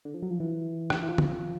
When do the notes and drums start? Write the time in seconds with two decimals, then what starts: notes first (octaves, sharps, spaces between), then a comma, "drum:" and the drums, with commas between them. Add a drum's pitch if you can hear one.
0.05 D3
0.14 F3
0.22 F#3
0.30 F3
0.40 E3
0.90 drum: rim click
1.02 E3
1.08 F3
1.18 drum: tom D3